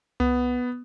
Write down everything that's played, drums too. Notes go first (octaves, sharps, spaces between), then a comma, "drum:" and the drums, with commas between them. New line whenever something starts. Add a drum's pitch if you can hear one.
B3, drum: tom C2